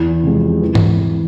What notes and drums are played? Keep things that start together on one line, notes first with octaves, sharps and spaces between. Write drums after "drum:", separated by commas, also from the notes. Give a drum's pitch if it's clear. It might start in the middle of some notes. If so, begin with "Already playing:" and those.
Already playing: E2
C3 F3 G#3
E3
drum: tom G#2